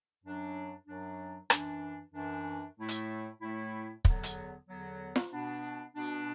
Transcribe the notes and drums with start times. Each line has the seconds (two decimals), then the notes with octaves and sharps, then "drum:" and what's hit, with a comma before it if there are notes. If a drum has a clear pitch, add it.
0.23 F#2 F#3 D4
0.87 F#2 F#3 D4
1.50 F#2 E3 D4, drum: rim click
2.13 F#2 E3 D4
2.78 A2 A3 E4
2.88 drum: hi-hat
3.41 A2 A3 E4
4.05 E2 D3 F#3 B3, drum: kick
4.23 drum: hi-hat
4.68 E2 D3 F#3 B3
5.16 drum: snare
5.32 B2 B3 D4
5.95 B2 B3 D4